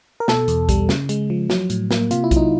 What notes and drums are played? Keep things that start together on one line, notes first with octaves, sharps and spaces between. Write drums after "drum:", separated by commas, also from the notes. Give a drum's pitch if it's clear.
A#4
B2 A4, drum: snare
E2, drum: hi-hat
G3, drum: kick B1, hi-hat
C#3, drum: snare
G#3, drum: hi-hat
F3
F#3, drum: snare
A2, drum: hi-hat
A#3, drum: snare
C3 F4, drum: hi-hat
E4
F#3, drum: kick B1, hi-hat
D#4